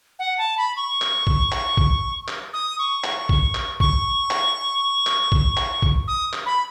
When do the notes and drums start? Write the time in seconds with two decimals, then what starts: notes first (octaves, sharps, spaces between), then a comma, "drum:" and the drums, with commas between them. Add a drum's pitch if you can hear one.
0.19 F#5
0.38 A5
0.58 B5
0.76 C#6
1.01 drum: clap
1.27 drum: kick
1.52 drum: clap
1.77 drum: kick
2.28 drum: clap
2.53 D#6
2.79 C#6
3.04 drum: clap
3.29 drum: kick
3.55 drum: clap
3.80 C#6, drum: kick
4.31 drum: clap
5.07 drum: clap
5.32 drum: kick
5.57 drum: clap
5.82 drum: kick
6.08 D#6
6.33 drum: clap
6.46 B5